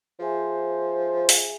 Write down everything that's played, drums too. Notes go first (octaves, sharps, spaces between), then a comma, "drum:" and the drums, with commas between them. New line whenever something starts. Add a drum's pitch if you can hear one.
F3 G#4 C5 E5 G#5
drum: open hi-hat